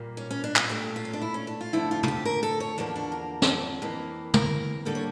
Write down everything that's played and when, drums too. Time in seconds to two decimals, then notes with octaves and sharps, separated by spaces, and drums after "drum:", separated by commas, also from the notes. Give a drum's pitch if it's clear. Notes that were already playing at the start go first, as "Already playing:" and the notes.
Already playing: A#2 G3 A#3
0.17 C#4
0.31 C#4
0.44 D4
0.56 F4, drum: clap
0.69 A#2 A3 G4
0.96 F4
1.05 C#4
1.13 D4
1.22 E4
1.34 C#4
1.47 D4
1.61 F4
1.73 F2 D3 F3 A3 E4
1.91 F4
2.03 F4, drum: tom
2.08 G4
2.25 A#4
2.43 A4
2.60 C#5
2.78 E2 D3 F3 A#3 D4
2.96 D4
3.12 A#4
3.42 drum: snare
3.82 F2 E3 A#3
4.34 A#4, drum: tom
4.85 D3 G3 A#3 A4
4.95 C#5